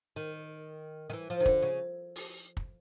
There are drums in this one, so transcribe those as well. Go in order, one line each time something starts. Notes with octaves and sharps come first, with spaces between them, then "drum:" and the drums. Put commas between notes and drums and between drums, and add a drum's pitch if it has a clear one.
D#3
D#3
E3
F3
D#3
D3, drum: kick
C#3
drum: open hi-hat
drum: kick